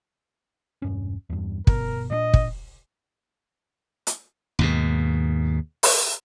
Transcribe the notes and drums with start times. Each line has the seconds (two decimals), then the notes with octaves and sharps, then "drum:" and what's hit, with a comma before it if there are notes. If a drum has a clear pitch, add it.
0.82 E1 G2 C#4
1.30 E2 G2
1.67 G1 B2 A#4, drum: kick
2.10 A#2 F3 D4 D#5
2.34 drum: kick
4.07 drum: hi-hat
4.59 D#2 G#2 B2
5.83 drum: open hi-hat